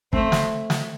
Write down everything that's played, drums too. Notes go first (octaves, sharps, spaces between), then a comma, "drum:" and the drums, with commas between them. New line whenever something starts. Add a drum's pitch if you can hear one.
A3 C4, drum: kick
drum: snare
drum: snare